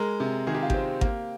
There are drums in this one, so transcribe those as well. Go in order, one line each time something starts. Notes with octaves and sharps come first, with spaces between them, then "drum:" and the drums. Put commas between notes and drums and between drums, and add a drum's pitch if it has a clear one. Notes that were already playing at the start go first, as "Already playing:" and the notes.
Already playing: G#3 A#4
C3
D#3 G#4
G4
F4
C4 G4, drum: kick G#1
A#3, drum: kick G#1